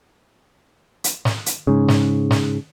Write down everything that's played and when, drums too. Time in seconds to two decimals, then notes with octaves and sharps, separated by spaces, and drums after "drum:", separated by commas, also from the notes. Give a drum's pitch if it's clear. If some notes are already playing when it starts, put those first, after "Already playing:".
1.04 drum: hi-hat
1.25 drum: snare
1.46 drum: hi-hat
1.67 G#2 C#3
1.88 drum: snare
2.31 drum: snare